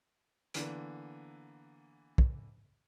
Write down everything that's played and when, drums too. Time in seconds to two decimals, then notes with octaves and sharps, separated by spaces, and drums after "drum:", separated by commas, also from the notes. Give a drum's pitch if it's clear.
0.54 D3 E3 A#3 B3, drum: hi-hat
2.18 drum: kick